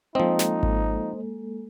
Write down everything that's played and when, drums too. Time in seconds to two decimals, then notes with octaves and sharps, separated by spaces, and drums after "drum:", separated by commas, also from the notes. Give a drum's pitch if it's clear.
0.15 F3 G#3 A#3 C4 D#4 A4 C5 D#5
0.39 drum: snare
0.63 drum: kick G#1